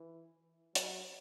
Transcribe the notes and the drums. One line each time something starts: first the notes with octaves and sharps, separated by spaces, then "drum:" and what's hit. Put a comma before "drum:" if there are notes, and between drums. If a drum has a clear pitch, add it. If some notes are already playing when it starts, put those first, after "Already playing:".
Already playing: E3
F#3, drum: hi-hat